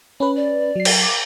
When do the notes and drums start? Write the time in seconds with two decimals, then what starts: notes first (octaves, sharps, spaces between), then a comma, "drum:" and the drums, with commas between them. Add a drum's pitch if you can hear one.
0.20 C#4 B4 B5
0.36 D5
0.76 F#3 C7
0.85 drum: cymbal
1.01 D6